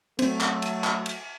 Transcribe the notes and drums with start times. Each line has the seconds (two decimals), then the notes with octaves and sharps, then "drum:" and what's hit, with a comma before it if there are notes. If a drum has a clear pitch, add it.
0.19 F#3 A3 C4 C5, drum: cymbal
0.41 drum: clap
0.62 drum: cymbal
0.84 drum: clap
1.06 drum: cymbal